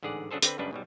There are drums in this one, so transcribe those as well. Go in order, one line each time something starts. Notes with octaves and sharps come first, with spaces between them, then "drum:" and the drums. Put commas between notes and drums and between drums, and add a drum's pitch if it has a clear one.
A1 G#2 D3 G#4 D5 F#5
C#3 F#3 D4 G#4 A4 C5
D3 C4 B4, drum: hi-hat
C#2 F#2 C#3 G3 D4 B4
G#2 B2 F#3 G3